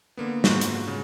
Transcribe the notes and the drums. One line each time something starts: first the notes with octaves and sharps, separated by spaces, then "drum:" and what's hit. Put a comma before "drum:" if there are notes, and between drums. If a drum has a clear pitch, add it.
D3 A#3 B3
G#2 F4 F#4, drum: snare
drum: hi-hat
C#3